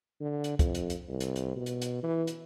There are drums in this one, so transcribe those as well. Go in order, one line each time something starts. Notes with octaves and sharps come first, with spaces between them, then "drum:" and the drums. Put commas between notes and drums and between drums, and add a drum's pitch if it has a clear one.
D3
drum: hi-hat
F2, drum: kick, hi-hat
drum: hi-hat
drum: hi-hat
C2
drum: hi-hat
drum: hi-hat
B2
drum: hi-hat
drum: hi-hat
E3
drum: hi-hat